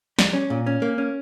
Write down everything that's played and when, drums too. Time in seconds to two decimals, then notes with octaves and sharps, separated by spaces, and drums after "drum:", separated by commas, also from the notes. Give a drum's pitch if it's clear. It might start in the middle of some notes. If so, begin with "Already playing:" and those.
0.19 G3, drum: snare
0.33 C#4
0.50 A#2
0.66 C#4
0.82 A#3
0.98 C#4